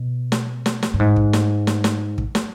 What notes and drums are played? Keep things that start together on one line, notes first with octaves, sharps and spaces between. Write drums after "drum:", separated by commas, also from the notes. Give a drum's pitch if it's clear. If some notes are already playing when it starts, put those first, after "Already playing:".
Already playing: B2
drum: snare
drum: snare
drum: snare
G2
G#2
drum: kick
drum: snare
drum: snare
drum: snare
drum: kick
drum: snare